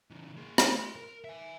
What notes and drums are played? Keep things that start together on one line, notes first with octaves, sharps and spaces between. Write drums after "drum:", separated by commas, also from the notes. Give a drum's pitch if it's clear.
C#3 E3
A#3 G#4
A3, drum: rim click
D#5 C6
A#4
E5 G#5